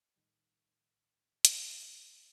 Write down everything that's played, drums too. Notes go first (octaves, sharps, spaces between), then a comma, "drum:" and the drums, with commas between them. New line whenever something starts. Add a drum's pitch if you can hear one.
A2 D#3 G3
drum: hi-hat